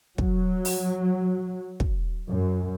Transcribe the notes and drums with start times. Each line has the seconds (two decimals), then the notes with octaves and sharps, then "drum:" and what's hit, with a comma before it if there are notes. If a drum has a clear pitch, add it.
0.18 F#3, drum: kick
0.65 drum: open hi-hat
1.80 drum: kick
2.28 F#2